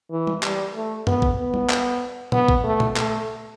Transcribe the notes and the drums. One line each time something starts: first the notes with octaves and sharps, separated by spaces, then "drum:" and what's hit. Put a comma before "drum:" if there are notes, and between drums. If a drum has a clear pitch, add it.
E3
drum: tom G3
G3, drum: clap
A3
B3, drum: tom F#2
drum: kick A1
B3
drum: tom G3
drum: clap
B3, drum: tom A#2
drum: kick A1
A3
drum: tom A#2
A3, drum: clap